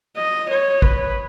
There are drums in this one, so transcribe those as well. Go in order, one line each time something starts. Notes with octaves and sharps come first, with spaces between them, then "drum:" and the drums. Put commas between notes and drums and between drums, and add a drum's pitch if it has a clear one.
D#5
C#5
B4, drum: kick